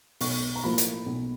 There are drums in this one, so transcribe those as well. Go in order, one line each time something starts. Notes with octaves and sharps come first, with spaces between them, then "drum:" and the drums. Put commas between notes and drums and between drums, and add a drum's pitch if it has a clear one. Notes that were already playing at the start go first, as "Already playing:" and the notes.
B1 C#6, drum: open hi-hat
A#5
A2 F3 A#3 B5
drum: hi-hat
B1